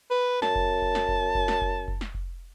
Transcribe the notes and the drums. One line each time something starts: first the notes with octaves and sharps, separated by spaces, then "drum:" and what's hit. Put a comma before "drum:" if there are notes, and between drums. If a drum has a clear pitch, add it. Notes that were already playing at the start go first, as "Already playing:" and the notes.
B4
F#2 A5, drum: snare
drum: kick F1
drum: kick F1
drum: snare
drum: kick F1
drum: kick F1
drum: snare
drum: kick F1
drum: kick F1
drum: snare
drum: kick F1